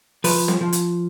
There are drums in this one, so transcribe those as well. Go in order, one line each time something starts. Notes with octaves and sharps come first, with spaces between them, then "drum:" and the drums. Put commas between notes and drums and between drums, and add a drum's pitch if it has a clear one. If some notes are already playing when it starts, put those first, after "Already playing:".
F3 B4, drum: open hi-hat
drum: snare C4
F3
drum: hi-hat